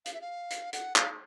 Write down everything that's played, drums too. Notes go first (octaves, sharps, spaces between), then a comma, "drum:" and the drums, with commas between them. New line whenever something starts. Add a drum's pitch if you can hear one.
F5, drum: hi-hat
E5
F5
drum: hi-hat
F#5, drum: hi-hat
F5, drum: clap